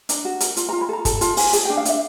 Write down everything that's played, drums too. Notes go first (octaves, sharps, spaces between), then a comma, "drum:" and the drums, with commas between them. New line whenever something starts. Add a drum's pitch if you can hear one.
D4 A#5, drum: hi-hat
F#4
A#4, drum: hi-hat
F4, drum: hi-hat
F4 A#5
B5
A4 A#5
A4 A5, drum: kick, hi-hat
F4 A5, drum: hi-hat
F4 G#5, drum: open hi-hat
G#4 A5, drum: hi-hat
D4 G5
F5
D4 E5, drum: hi-hat